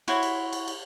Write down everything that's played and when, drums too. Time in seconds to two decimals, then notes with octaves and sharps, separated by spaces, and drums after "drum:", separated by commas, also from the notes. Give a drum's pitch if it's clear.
0.08 E4 F#4 C5 C#5, drum: cymbal
0.23 drum: cymbal
0.53 drum: cymbal
0.68 drum: cymbal